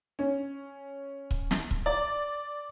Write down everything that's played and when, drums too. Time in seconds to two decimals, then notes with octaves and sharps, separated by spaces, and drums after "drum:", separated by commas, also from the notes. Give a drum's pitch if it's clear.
0.19 C#4
1.31 drum: kick C#1
1.51 drum: snare
1.71 drum: kick C#1
1.86 D5